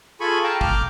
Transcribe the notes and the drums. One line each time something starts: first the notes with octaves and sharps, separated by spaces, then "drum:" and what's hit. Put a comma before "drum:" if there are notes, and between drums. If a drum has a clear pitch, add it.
F4 G#4 A4 G#5 B5 C#6
F5 G5 A5 A#5
D6 F6 G6, drum: kick